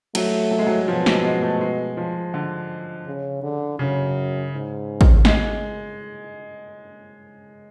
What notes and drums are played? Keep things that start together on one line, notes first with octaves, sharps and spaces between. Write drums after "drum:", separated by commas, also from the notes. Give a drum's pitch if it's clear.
F#3 A3, drum: cymbal
F#3
G#3
F#3
B2 F3
G#3, drum: snare
G#3
A3
G#3
F3
D3
C#3
D3
F#2 C#3
G#2
drum: kick
G#3, drum: snare